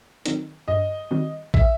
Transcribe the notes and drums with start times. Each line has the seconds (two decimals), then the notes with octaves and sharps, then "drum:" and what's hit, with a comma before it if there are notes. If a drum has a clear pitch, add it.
0.26 D#3 F#3 C4 D#4, drum: hi-hat
0.68 G2 D#5
1.11 D#3 G3 C4 F#4
1.54 E5, drum: kick